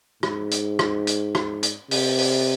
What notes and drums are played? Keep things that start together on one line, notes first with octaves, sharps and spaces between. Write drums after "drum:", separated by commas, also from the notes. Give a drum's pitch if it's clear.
G#2, drum: rim click
drum: hi-hat
drum: rim click
drum: hi-hat
drum: rim click
drum: hi-hat
C3, drum: open hi-hat
drum: open hi-hat